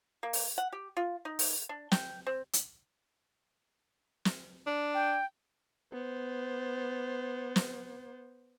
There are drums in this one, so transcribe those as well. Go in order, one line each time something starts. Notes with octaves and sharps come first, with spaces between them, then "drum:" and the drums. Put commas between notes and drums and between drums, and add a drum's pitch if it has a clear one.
A#3
drum: open hi-hat
F#5
G4
F4
D#4
drum: open hi-hat
D4
G5, drum: snare
C4
drum: hi-hat
drum: snare
D4
G5
B3 C5
drum: snare